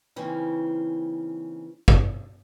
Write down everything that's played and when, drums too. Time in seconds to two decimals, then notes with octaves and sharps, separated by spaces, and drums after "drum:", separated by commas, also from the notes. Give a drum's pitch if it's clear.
0.16 C#3 E3 A#3 C4 C#4 D#4
1.88 drum: kick G1